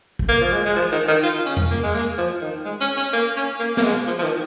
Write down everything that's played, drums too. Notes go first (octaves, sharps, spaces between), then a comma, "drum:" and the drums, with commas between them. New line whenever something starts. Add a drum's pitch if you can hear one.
drum: kick
A#3
F3
G#3
G#3
F3
D#3
D#3
F4
C#4
drum: tom E2
A#3
G#3
A#3, drum: hi-hat
F3
D#3
G#3
C#4
C#4
A#3
C#4
A#3
A#3, drum: snare
G#3
F3
F3
D#3